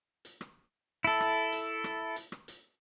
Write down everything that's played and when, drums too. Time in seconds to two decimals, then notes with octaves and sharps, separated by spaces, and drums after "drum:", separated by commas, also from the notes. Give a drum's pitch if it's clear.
0.25 drum: hi-hat
0.41 drum: rim click
1.04 E4 A4
1.20 drum: rim click
1.52 drum: hi-hat
1.84 drum: rim click
2.16 drum: hi-hat
2.32 drum: rim click
2.48 drum: hi-hat